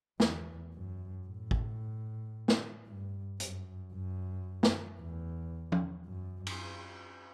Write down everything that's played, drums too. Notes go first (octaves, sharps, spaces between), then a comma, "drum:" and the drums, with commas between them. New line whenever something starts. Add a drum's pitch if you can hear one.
E2, drum: snare
F#2
A2
drum: kick
drum: snare
G2
F#2, drum: hi-hat
F#2
drum: snare
E2
drum: tom F3
F#2
drum: cymbal